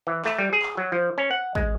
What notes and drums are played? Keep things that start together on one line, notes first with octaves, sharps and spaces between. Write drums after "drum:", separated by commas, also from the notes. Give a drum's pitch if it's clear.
E3
A3, drum: clap
G3
G#4
drum: clap
F#3
F3
C#4
F#5
G#3, drum: kick